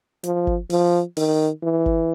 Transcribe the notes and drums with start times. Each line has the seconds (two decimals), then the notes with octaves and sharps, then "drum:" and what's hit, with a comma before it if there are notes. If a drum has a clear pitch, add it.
0.24 F3, drum: hi-hat
0.47 drum: kick G1
0.70 F3, drum: open hi-hat
1.17 D#3, drum: open hi-hat
1.63 E3
1.86 drum: kick G1